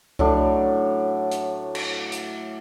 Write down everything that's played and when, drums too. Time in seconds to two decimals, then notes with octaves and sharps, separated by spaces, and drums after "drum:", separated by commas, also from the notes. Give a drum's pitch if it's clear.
0.19 A2 F#3 D4, drum: kick C2
1.31 drum: hi-hat
1.75 drum: cymbal
2.12 drum: hi-hat